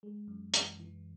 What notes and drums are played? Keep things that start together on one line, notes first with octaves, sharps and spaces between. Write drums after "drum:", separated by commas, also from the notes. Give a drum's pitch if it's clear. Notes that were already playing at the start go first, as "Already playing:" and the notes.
G#3
F#2
E3, drum: hi-hat
E3